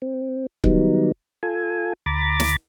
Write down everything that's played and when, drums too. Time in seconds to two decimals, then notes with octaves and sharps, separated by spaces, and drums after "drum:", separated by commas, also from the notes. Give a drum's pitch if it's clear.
0.02 C4
0.64 D#3 F#3 G3 B3 D#4, drum: kick C#1
1.43 F4 A4 G#5
2.06 D2 A#5 B5 D6 A6
2.40 drum: snare